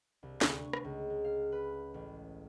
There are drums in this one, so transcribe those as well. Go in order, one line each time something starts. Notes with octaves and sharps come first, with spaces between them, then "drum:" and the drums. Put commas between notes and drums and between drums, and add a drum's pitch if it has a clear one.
C2
D2, drum: snare
C#6
drum: rim click
C#2
G#3
F5
B4
A1